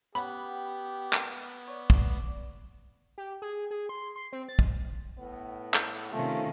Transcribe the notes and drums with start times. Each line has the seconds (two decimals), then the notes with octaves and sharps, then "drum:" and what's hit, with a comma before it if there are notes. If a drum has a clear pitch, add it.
0.15 B3 C#4 G4 F#5 B5
1.13 drum: clap
1.68 C#5 D5
1.90 drum: kick
3.18 G4
3.42 G#4
3.71 G#4
3.89 C6
4.16 C6
4.33 C4
4.49 A6
4.59 drum: kick
5.19 A2 B3
5.74 drum: clap
6.12 C3 D#3 F3 A3 C#4 F4